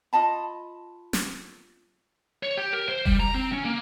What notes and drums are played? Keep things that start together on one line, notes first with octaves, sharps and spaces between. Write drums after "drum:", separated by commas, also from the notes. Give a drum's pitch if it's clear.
F4 D#5 A5 B5
drum: snare
C#5
G4
A#4
C5
G3, drum: kick F1
A#5
C4
C#4
A#3